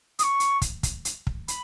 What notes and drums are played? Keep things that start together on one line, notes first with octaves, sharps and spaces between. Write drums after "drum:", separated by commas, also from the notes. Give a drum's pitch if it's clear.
D#6, drum: hi-hat
C#6
drum: hi-hat
drum: kick, hi-hat
drum: kick, hi-hat
drum: hi-hat
drum: kick
B5, drum: hi-hat